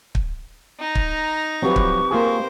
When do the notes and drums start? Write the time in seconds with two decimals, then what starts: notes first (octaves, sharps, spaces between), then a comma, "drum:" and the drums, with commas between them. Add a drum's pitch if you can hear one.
0.15 drum: kick
0.80 D#4 A#5
0.95 drum: kick
1.62 F3 F#3 C4 G4 B4 C#6
1.76 drum: kick
2.11 A#3 F4 G#4 A#4 C5